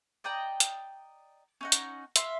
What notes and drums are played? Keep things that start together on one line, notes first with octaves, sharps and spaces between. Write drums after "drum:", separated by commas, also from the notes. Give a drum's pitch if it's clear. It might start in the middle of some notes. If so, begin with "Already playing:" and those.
D5 D#5 G5 A#5
drum: hi-hat
C#4 D#4 F#5
drum: hi-hat
E5 F5 C6, drum: hi-hat